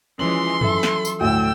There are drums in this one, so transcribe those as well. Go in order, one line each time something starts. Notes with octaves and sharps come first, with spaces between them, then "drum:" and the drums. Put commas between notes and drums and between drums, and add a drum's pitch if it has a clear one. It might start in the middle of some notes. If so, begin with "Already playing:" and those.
E3 F3 G#3 C#4 C6 F#7
E3 F#3 A4 E5, drum: tom F#2
drum: snare
drum: tambourine
D2 A2 G5 E6